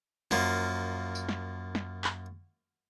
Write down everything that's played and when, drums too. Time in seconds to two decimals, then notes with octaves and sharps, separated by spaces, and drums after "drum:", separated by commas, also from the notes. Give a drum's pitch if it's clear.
0.31 F#2 F3 A#3, drum: snare
1.15 drum: tambourine
1.29 drum: snare
1.75 drum: snare
2.04 drum: clap